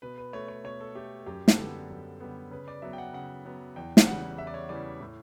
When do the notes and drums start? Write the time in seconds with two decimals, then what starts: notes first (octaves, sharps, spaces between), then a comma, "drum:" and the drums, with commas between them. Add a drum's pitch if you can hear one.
0.02 B2 B4
0.18 B4
0.33 A3 C#5
0.48 C#5
0.64 B2 C#5
0.81 A4
0.95 A3 G4
1.26 F#2 G4
1.48 drum: snare
1.57 D3 G3 B3 A4
1.90 F#2
2.20 D3 G3 B3
2.51 C#3 B4
2.68 D5
2.82 F#3 B3 E5
2.93 G5
2.98 F#5
3.13 C#3 F#5
3.45 F#3 B3
3.76 E2 G5
3.97 drum: snare
4.07 C#3 E3 G3 F#5
4.38 E2 E5
4.47 D5
4.54 C#5
4.69 C#3 E3 G3 D5
5.00 A2